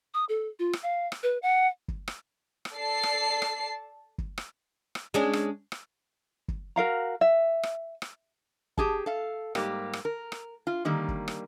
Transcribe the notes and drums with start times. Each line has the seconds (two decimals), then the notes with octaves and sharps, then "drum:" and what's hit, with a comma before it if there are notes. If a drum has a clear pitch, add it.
0.14 D#6
0.29 A4
0.59 F4
0.73 drum: rim click
0.83 F5
1.12 drum: rim click
1.23 B4
1.42 F#5
1.88 drum: kick
2.08 drum: rim click
2.65 drum: rim click
2.74 A4 D5 A5 C7
3.03 drum: rim click
3.42 drum: rim click
4.18 drum: kick
4.38 drum: rim click
4.95 drum: rim click
5.14 G#3 C#4 D4
5.33 drum: rim click
5.72 drum: rim click
6.48 drum: kick
6.76 F#4 A#4 F5 A#5
7.21 E5
7.63 drum: rim click
8.02 drum: rim click
8.78 G4 G#4 A5, drum: kick
9.06 A4 F5
9.55 G#2 G3 A#3 G4, drum: rim click
9.93 drum: rim click
10.05 A#4
10.32 drum: rim click
10.67 F4
10.85 D3 D#3 G3 A#3
11.08 drum: kick
11.28 drum: rim click